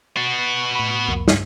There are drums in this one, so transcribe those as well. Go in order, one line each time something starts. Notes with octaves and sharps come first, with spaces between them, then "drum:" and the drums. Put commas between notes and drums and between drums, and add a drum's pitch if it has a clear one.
B3 F#4 F#5 A6 C7
A2 B5
C2 F2 A#3
G2, drum: snare